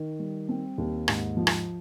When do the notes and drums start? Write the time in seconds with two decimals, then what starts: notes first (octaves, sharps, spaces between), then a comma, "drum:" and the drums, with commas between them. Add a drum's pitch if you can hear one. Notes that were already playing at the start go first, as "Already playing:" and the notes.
Already playing: D#3
0.19 G3
0.49 C4
0.78 D#2
1.08 G#2, drum: rim click
1.37 F3
1.47 drum: rim click